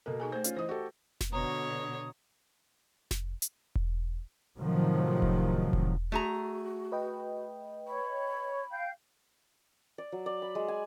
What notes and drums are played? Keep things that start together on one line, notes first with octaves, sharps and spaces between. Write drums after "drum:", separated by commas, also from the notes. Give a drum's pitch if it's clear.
B2 A#3 A4
D#4 G#4 G#5
A3 C5 G6
C#4 F4, drum: hi-hat
E3 C5 D#5 D#6
F#4 G4 A4
drum: snare F1
B2 D3 C#5 A#5 D#6
drum: snare F1
drum: hi-hat
drum: kick E1
A2 C3 D#3 F3 F#3
drum: kick E1
drum: kick E1
A3 F#4 G#4 A#5
B4 D#5 G5
C#5 B5 C#6
F5 G5 G6
D5
F#3
D5
B5
G#3
G#5